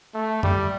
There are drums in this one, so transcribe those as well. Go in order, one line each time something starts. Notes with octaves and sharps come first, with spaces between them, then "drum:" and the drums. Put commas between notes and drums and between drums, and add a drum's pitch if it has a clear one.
A3
G3, drum: tom F#2